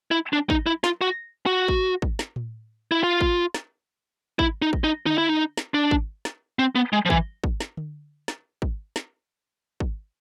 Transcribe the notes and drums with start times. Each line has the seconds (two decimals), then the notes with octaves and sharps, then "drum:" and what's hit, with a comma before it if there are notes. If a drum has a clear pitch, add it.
0.11 E4
0.33 D4
0.50 D#4, drum: kick
0.66 E4
0.84 F4, drum: snare
1.01 F#4
1.46 F#4
1.68 drum: kick
2.02 drum: kick
2.19 drum: snare
2.36 drum: tom A2
2.92 E4
3.03 F4
3.21 drum: kick
3.54 drum: snare
4.39 E4, drum: kick
4.62 D#4
4.73 drum: kick
4.84 D#4
5.06 D#4, drum: tom D3
5.18 E4
5.29 D#4
5.57 drum: snare
5.74 D4
5.91 drum: kick
6.25 drum: snare
6.59 C4
6.75 B3
6.93 G#3
7.06 F3
7.10 E3, drum: kick
7.44 drum: kick
7.60 drum: snare
7.77 drum: tom D3
8.28 drum: snare
8.62 drum: kick
8.96 drum: snare
9.80 drum: kick